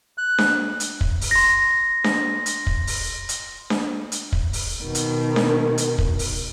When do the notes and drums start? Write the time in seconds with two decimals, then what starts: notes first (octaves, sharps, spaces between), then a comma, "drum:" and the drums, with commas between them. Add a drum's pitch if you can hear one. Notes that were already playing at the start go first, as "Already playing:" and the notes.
0.18 F#6
0.38 drum: snare D4
0.80 drum: hi-hat
1.01 drum: kick
1.21 drum: open hi-hat
1.31 C6 A#6
2.04 drum: snare D4
2.46 drum: hi-hat
2.67 drum: kick
2.87 drum: open hi-hat
3.29 drum: hi-hat
3.70 drum: snare D4
4.12 drum: hi-hat
4.32 drum: kick
4.53 drum: open hi-hat
4.83 B2 D#3
4.95 drum: hi-hat
5.36 drum: snare D4
5.78 drum: hi-hat
5.98 drum: kick
6.19 drum: open hi-hat